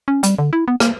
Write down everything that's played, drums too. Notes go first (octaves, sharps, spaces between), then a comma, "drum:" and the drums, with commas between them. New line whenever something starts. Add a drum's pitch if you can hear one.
C#4
G3, drum: hi-hat
D3
E4
B3
A#3, drum: rim click